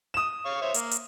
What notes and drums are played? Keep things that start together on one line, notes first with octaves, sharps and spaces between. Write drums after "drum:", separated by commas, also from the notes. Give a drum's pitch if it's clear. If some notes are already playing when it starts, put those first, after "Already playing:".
D#6 E7
C#5 F5 C#6
C5 C#5 E5
A#3, drum: hi-hat
drum: hi-hat